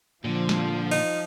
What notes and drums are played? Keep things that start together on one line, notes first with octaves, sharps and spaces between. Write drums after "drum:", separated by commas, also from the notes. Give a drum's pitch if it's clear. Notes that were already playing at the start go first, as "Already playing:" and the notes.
A#2 D3 F3
drum: snare
D#4, drum: cymbal